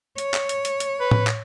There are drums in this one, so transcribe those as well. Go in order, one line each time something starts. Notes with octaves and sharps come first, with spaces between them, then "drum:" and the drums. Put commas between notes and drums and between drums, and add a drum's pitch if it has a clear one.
C#5, drum: hi-hat
drum: clap
drum: hi-hat
drum: hi-hat
drum: hi-hat
B4
drum: tom A2
drum: clap